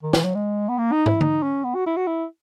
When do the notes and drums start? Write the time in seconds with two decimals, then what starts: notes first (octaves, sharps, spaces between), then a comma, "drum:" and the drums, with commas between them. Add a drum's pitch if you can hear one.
0.03 D#3
0.13 E3, drum: snare
0.24 F#3
0.34 G#3
0.69 B3
0.78 A#3
0.92 D#4
1.06 E4, drum: tom
1.21 D#4, drum: tom D3
1.42 C#4
1.64 B3
1.75 F#4
1.86 E4
1.96 F#4
2.07 E4